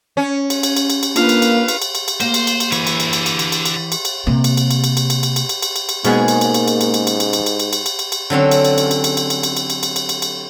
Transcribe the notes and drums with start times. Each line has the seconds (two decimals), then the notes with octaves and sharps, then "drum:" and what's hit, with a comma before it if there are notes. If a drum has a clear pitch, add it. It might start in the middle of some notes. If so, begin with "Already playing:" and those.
0.17 C#4
0.50 drum: cymbal
0.63 drum: cymbal
0.76 drum: cymbal
0.90 drum: cymbal
1.03 drum: cymbal
1.16 A#3 D4 F4 A#4 B4 F5, drum: cymbal
1.29 drum: cymbal
1.42 drum: cymbal
1.68 drum: cymbal
1.82 drum: cymbal
1.95 drum: cymbal
2.08 drum: cymbal
2.20 A#3 C5 F5, drum: cymbal
2.34 drum: cymbal
2.47 drum: cymbal
2.60 drum: cymbal
2.72 D3 E3 G#5, drum: cymbal
2.87 drum: cymbal
3.00 drum: cymbal
3.13 drum: cymbal
3.26 drum: cymbal
3.39 drum: cymbal
3.52 drum: cymbal
3.65 drum: cymbal
3.92 drum: cymbal
4.05 drum: cymbal
4.27 C3 A#3
4.44 drum: cymbal
4.57 drum: cymbal
4.71 drum: cymbal
4.84 drum: cymbal
4.97 drum: cymbal
5.10 drum: cymbal
5.23 drum: cymbal
5.36 drum: cymbal
5.49 drum: cymbal
5.62 drum: cymbal
5.76 drum: cymbal
5.89 drum: cymbal
6.05 G#2 B2 G#3 A#3 B3 C#4 G#4 G#5, drum: cymbal
6.28 drum: cymbal
6.41 drum: cymbal
6.54 drum: cymbal
6.68 drum: cymbal
6.81 drum: cymbal
6.94 drum: cymbal
7.07 drum: cymbal
7.20 drum: cymbal
7.33 drum: cymbal
7.46 drum: cymbal
7.60 drum: cymbal
7.73 drum: cymbal
7.86 drum: cymbal
7.99 drum: cymbal
8.12 drum: cymbal
8.30 D3 F#3 C4 C#4
8.51 drum: cymbal
8.65 drum: cymbal
8.78 drum: cymbal
8.91 drum: cymbal
9.04 drum: cymbal
9.17 drum: cymbal
9.30 drum: cymbal
9.43 drum: cymbal
9.57 drum: cymbal
9.70 drum: cymbal
9.83 drum: cymbal
9.96 drum: cymbal
10.09 drum: cymbal
10.22 drum: cymbal